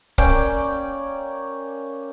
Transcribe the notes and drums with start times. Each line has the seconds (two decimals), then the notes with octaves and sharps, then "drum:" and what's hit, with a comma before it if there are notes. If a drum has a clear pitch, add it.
0.18 A#3 C#4 D5 G5, drum: kick